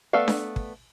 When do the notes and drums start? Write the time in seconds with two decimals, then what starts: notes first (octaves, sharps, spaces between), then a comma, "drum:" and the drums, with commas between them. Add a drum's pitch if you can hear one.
0.13 A3 B3 A4 D5 F5
0.28 drum: snare D4
0.56 drum: kick